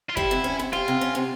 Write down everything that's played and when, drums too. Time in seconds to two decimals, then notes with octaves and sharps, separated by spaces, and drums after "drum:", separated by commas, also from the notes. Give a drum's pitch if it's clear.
0.10 F4
0.16 G3 E4, drum: kick
0.31 C3
0.44 C#4
0.59 C3
0.73 G3 F4
0.88 C3
1.01 C#4
1.15 C3